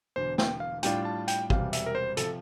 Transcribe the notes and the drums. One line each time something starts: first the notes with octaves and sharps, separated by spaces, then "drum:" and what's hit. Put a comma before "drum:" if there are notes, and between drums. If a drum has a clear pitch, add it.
E1 E2 D3 C5
G5, drum: snare
F5
A2 G3 D4 F4 G5, drum: hi-hat
A5
G5, drum: hi-hat
E1 E2 C3 G3 F5, drum: kick
E5, drum: hi-hat
A#4
C5
C3 F3 A4, drum: hi-hat